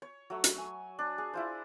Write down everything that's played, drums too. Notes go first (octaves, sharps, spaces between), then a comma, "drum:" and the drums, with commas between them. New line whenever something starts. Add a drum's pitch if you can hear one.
C#5
F#3 A3
drum: hi-hat
G#5
D4
G#4
E4 F4 C5